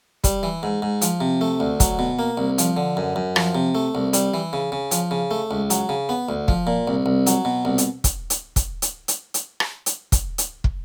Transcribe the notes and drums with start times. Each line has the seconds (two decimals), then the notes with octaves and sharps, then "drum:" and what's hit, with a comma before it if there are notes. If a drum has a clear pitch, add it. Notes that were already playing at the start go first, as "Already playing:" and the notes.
0.24 G3, drum: kick, hi-hat
0.43 E3
0.63 G#2
0.82 G#2
1.02 F3, drum: hi-hat
1.21 C3
1.41 A3
1.60 D2
1.80 F#3, drum: kick, hi-hat
1.99 B2
2.19 A#3
2.38 C2
2.58 F3, drum: hi-hat
2.77 D3
2.97 F#2
3.16 F#2
3.36 F3, drum: rim click
3.55 C3
3.75 A3
3.95 C2
4.13 G3, drum: hi-hat
4.34 E3
4.53 C#3
4.72 C#3
4.91 F3, drum: hi-hat
5.11 C#3
5.31 A3
5.51 C#2
5.70 F#3, drum: hi-hat
5.89 C#3
6.09 B3
6.29 D2
6.48 F3, drum: kick
6.67 A#2
6.88 C2
7.06 C2
7.27 F#3, drum: hi-hat
7.45 B2
7.65 C2
7.78 drum: hi-hat
8.04 drum: kick, hi-hat
8.30 drum: hi-hat
8.56 drum: kick, hi-hat
8.82 drum: hi-hat
9.08 drum: hi-hat
9.34 drum: hi-hat
9.60 drum: rim click
9.86 drum: hi-hat
10.12 drum: kick, hi-hat
10.38 drum: hi-hat
10.64 drum: kick